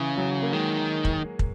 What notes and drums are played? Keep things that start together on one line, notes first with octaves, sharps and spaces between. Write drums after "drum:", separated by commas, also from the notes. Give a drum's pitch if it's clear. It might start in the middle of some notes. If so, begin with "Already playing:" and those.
Already playing: C#3 E3
F#3
A#3
D#3 G#3
drum: kick
drum: kick